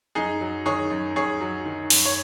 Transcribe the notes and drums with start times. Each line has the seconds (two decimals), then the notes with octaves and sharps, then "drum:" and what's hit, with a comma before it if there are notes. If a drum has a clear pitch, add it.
0.15 F#2 D#4 G#4
0.41 F#3
0.66 D#3 G#4 C#5
0.90 F#2
1.16 F#2 G#4 C#5
1.41 F#3
1.66 D#3
1.90 F#2, drum: open hi-hat
2.05 C#5